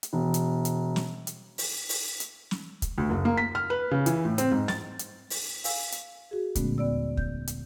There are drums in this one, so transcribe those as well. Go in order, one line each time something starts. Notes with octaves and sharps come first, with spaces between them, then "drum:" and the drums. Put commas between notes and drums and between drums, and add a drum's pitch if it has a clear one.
drum: hi-hat
E1
drum: hi-hat
drum: hi-hat
drum: snare
drum: hi-hat
drum: open hi-hat
drum: open hi-hat
drum: hi-hat
drum: snare
drum: kick, hi-hat
D2
F#1
A#3
B6
F6
B4
C#3
E3, drum: hi-hat
A2
C4, drum: hi-hat
G#2
A6, drum: snare
drum: hi-hat
drum: open hi-hat
F5 G#5 E6, drum: open hi-hat
drum: hi-hat
F#4 G#4
A#2 D3 G#3 A3 B3 C#4, drum: kick, hi-hat
D#2 B3 D5 E6
G6, drum: kick
drum: hi-hat